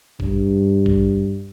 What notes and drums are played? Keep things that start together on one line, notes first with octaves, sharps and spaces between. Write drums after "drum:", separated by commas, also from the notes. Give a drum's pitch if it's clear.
G2, drum: kick G#1
drum: kick G#1